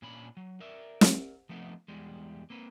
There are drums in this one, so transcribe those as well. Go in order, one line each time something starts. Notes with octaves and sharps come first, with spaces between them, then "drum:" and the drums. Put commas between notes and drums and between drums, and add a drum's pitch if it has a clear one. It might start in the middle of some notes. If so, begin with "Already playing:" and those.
A#2 C#4 D4 B5
F#3
A#4 D5 E5
drum: snare
F3 A3 B3 C4 D#4
E2 G3 G#3
A#3 C4 B4